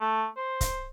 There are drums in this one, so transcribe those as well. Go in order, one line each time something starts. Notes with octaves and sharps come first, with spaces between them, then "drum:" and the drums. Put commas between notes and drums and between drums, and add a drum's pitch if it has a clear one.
A3
C5
drum: kick C#1, hi-hat